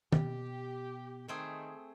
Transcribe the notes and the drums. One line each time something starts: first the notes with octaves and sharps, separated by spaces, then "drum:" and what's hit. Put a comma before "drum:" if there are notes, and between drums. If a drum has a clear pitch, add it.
B2 G4, drum: tom
D#3 A3 C4 G#4